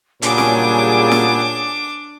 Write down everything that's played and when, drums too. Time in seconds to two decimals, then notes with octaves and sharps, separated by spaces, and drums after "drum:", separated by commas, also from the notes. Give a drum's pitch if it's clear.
0.22 A#2 C#3 F#3 G3 D4 G#4 A5 D6, drum: hi-hat
0.38 drum: snare
1.11 drum: snare